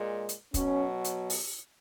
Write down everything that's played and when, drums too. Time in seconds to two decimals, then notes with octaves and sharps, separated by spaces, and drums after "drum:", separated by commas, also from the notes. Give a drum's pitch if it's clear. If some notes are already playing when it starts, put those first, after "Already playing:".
Already playing: A#2 G#3
0.29 drum: hi-hat
0.54 B2 F#3 C#4, drum: kick, hi-hat
1.04 drum: hi-hat
1.30 drum: open hi-hat